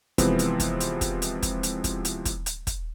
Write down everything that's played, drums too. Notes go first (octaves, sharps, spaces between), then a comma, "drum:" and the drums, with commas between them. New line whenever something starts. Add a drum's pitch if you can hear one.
C3 E3 F3 G#3 B3 C4, drum: kick, hi-hat
drum: hi-hat
drum: kick, hi-hat
drum: hi-hat
drum: kick, hi-hat
drum: hi-hat
drum: kick, hi-hat
drum: hi-hat
drum: kick, hi-hat
drum: hi-hat
drum: kick, hi-hat
drum: hi-hat
drum: kick, hi-hat